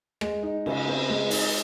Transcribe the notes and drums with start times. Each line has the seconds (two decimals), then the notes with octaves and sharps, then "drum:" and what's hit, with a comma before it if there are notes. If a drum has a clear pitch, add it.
0.21 G#3, drum: rim click
0.43 D#4
0.66 C#3, drum: cymbal
0.88 C4
1.10 G#3
1.31 D#4, drum: open hi-hat